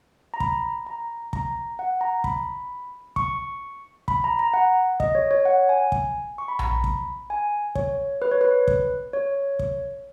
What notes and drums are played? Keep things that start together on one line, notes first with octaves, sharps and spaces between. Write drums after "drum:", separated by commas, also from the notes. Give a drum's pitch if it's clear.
A#5
B5, drum: kick
A#5
A#5, drum: kick
F#5
A#5
B5, drum: kick
C#6, drum: kick
B5, drum: kick
A#5
A#5
F#5
D#5, drum: kick
C#5
C#5
F#5
G#5
drum: kick
C#6
B5
A#5, drum: tom A#1
B5
drum: kick
G#5
C#5, drum: kick
B4
C#5
B4
drum: kick
C#5
drum: kick